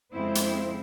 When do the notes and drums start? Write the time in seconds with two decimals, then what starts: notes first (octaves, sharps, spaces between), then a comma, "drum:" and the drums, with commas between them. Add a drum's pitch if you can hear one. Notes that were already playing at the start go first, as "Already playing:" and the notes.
0.12 F2 C#3 G#3 C4 E4 C5
0.35 drum: hi-hat